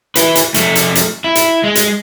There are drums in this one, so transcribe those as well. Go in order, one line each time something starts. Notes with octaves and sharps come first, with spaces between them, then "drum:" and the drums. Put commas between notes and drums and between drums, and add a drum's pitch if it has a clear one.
E4 B4, drum: hi-hat
drum: hi-hat
F3 A3, drum: hi-hat
drum: hi-hat
drum: hi-hat
E4
drum: hi-hat
G#3
drum: hi-hat